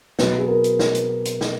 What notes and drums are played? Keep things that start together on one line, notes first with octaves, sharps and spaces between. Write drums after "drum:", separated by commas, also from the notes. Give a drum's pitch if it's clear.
B2 F#3 B4, drum: snare
G#4
A#4
drum: hi-hat
drum: snare
drum: hi-hat
drum: hi-hat
drum: snare